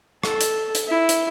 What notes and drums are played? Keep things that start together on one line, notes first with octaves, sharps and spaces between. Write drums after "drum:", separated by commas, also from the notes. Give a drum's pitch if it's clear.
A4, drum: rim click
drum: hi-hat
drum: hi-hat
E4
drum: hi-hat